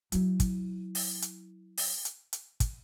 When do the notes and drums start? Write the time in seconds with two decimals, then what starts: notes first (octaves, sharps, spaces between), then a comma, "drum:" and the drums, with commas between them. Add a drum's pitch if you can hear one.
0.12 F#3 E4, drum: hi-hat
0.40 drum: kick, hi-hat
0.95 drum: open hi-hat
1.22 drum: hi-hat
1.77 drum: open hi-hat
2.05 drum: hi-hat
2.33 drum: hi-hat
2.60 drum: kick, hi-hat